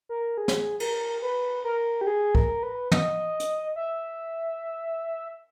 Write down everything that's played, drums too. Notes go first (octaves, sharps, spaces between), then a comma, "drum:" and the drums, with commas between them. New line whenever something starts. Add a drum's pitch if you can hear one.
A#4
G#4
drum: snare
A#4, drum: cymbal
B4
A#4
G4
G#4
A#4, drum: kick
B4
D#5, drum: tom
drum: hi-hat
E5